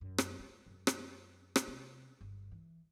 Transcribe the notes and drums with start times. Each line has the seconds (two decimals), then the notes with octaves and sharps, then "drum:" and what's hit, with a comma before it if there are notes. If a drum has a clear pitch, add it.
0.01 F#2
0.18 drum: rim click
0.39 G#3
0.66 F#2
0.87 drum: rim click
1.56 drum: rim click
1.68 C3
2.21 G1
2.51 E3